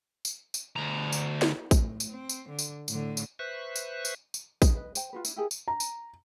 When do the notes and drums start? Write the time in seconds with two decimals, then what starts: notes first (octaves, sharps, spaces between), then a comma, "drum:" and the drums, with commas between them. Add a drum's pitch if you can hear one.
0.25 drum: tambourine
0.54 drum: tambourine
0.76 D2 A#5
1.12 drum: tambourine
1.42 drum: snare
1.71 A2, drum: kick, tambourine
2.00 drum: tambourine
2.10 C4
2.29 drum: tambourine
2.49 D3
2.59 drum: tambourine
2.88 A2 D3, drum: tambourine
3.17 drum: tambourine
3.39 B4 C5 E5 C#6 F#6
3.76 drum: tambourine
4.05 drum: tambourine
4.34 drum: tambourine
4.62 D#4, drum: kick, tambourine
4.76 B4 D#5
4.95 C5 G5, drum: tambourine
5.13 F4 F#4 B4
5.25 D4 E4, drum: tambourine
5.36 E4 G4 G#4 A#4
5.51 drum: tambourine
5.68 A#5
5.80 drum: tambourine